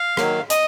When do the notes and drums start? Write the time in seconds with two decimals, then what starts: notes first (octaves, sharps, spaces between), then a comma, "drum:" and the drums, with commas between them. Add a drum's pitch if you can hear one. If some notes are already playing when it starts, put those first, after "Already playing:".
Already playing: F5
0.17 D#3 F#3 A#3, drum: rim click
0.50 D#5, drum: hi-hat